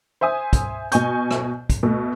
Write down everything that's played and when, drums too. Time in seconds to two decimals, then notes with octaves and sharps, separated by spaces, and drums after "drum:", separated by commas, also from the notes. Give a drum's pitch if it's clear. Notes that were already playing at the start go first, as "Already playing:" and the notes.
0.21 C5 E5 G#5 D#6
0.53 drum: kick, hi-hat
0.92 B2 D#5 G#5 C#6 G6, drum: hi-hat
1.31 drum: rim click
1.70 drum: kick, hi-hat
1.83 B2 A3